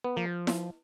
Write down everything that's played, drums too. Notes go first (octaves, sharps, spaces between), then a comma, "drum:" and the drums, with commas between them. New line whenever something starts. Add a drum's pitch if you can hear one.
B3
F3 A#3
drum: snare E4